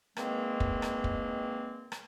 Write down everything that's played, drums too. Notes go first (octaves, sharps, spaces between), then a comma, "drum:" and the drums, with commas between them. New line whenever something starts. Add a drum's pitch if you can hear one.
E2 D#3 G#3 A#3 C4, drum: rim click
drum: kick
drum: rim click
drum: kick
drum: rim click